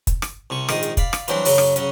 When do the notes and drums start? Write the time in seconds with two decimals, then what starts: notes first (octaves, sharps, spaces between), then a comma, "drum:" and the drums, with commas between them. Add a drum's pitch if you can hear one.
0.07 drum: kick, hi-hat
0.22 drum: rim click
0.50 C2 C3 C#6
0.69 A#1 G#2 D#3 D#4 G#4 D#6, drum: rim click
0.83 drum: hi-hat
0.97 D5 F5 B5, drum: kick, hi-hat
1.13 drum: rim click
1.28 E3 F#3 G3 C4 D4 E4, drum: hi-hat
1.45 F#2 C#3 F#3, drum: open hi-hat
1.58 drum: rim click
1.76 C#3 F#3 C#4, drum: hi-hat